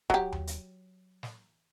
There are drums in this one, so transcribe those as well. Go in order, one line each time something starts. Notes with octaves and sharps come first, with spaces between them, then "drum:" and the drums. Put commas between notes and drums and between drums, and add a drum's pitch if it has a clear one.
F#3 G4, drum: kick C#1
drum: tom D#2
drum: hi-hat
drum: snare